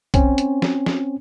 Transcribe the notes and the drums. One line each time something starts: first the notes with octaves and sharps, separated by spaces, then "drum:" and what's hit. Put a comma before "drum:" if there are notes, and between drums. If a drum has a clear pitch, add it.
C4 C#4, drum: kick B1, hi-hat
drum: hi-hat
drum: snare
drum: snare